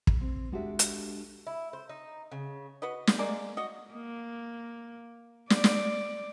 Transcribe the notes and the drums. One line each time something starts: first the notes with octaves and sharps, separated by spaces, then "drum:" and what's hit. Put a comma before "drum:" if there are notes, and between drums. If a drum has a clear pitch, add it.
drum: kick
C4
G#3 D4 F#4 G4 A4 E5
drum: hi-hat
E4
C5
D#4
C#3
F#4 B4 D#5
drum: snare
G#3 A#3 D5
F#4 D#5
A#3
D5, drum: snare
drum: snare